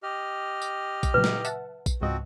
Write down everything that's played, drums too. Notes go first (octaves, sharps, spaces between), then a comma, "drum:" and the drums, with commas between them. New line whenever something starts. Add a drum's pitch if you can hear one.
G4 D#5 F6
drum: tambourine
drum: kick A#1, tambourine
A#2 C#3 F#3 B4
drum: snare
E5 F#5 A5, drum: tambourine
drum: kick A#1, tambourine
C#2 G#2 F3 C4 F#4 D#5